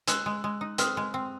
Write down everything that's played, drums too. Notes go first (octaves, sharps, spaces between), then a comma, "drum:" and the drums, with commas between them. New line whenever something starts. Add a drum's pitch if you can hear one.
G#3 E6 F#6, drum: hi-hat
G#3
G#3
D#4
C4 D#6 F6, drum: hi-hat
G#3
C4